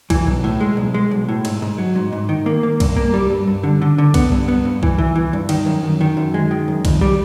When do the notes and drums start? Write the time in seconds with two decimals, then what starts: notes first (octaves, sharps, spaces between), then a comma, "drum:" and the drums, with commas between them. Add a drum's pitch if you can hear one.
0.10 E3, drum: kick C2, cymbal
0.27 B1
0.44 A2
0.61 G#3
0.77 B1
0.94 G#3
1.11 B1
1.29 A2
1.45 G#2, drum: cymbal
1.62 G#2
1.78 F#3
1.96 G#2
2.13 G#2
2.29 D#3
2.46 A#3
2.63 A#3
2.80 G2, drum: kick C2, cymbal
2.96 A#3
3.14 G3
3.30 G2
3.47 G2
3.64 D3
3.82 D3
3.98 D3
4.14 B3, drum: kick C2, cymbal
4.32 G2
4.48 B3
4.65 G2
4.83 E3, drum: kick C2
4.98 E3
5.16 E3
5.33 G2
5.49 D#3, drum: cymbal
5.66 F#2
5.83 F#2
6.01 D#3
6.17 F#2
6.34 G#3
6.51 D#3
6.68 F#2
6.85 F2, drum: kick C2, cymbal
7.01 G3